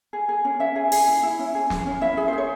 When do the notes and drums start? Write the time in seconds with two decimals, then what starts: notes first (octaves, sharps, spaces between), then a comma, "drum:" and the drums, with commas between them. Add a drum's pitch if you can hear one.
0.13 G#4
0.29 G#4
0.45 C#4
0.60 C#4 E5
0.76 G#4
0.92 G#4, drum: open hi-hat
1.07 E4
1.23 E4
1.39 C#4
1.55 G#4
1.70 G#4, drum: snare
1.86 C#4
2.01 E4 E5
2.17 G#4
2.28 C5
2.33 G#4 C#5